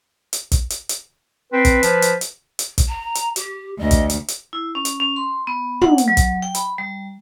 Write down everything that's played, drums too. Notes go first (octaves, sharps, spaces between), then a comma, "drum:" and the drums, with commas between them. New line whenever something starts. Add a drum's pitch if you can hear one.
drum: hi-hat
drum: kick, hi-hat
drum: hi-hat
drum: hi-hat
C4 B4
drum: kick, hi-hat
F3, drum: hi-hat
drum: hi-hat
drum: hi-hat
drum: hi-hat
drum: kick, hi-hat
A#5
drum: hi-hat
G4, drum: hi-hat
D2 D#5
drum: kick, hi-hat
drum: hi-hat
drum: hi-hat
E4
C#4
drum: hi-hat
C#4
C6
B3
F#5, drum: tom
drum: hi-hat
F#3
drum: kick, hi-hat
G5
B5, drum: hi-hat
G3